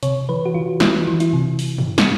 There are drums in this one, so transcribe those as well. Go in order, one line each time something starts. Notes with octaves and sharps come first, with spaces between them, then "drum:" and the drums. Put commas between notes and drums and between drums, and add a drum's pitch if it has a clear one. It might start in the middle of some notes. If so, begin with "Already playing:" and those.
C3 C#5, drum: hi-hat
E3 B4
F#4
E3 F4
E3 E4, drum: snare
E3
E4, drum: hi-hat
C3
drum: open hi-hat
drum: tom
drum: snare